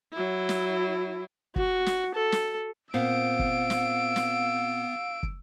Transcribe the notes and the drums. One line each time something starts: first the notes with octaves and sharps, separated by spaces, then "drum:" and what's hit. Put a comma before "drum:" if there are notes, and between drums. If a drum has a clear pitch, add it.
F#3 E4
drum: snare
F#4, drum: kick
drum: snare
A4
drum: snare
A#2 B3 C4 F5 E6 D7
drum: kick
drum: snare
drum: snare
drum: kick